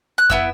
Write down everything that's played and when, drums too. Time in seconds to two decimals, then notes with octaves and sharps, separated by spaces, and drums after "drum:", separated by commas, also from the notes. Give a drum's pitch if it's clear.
0.18 F#6
0.30 B3 E4 E6, drum: kick F2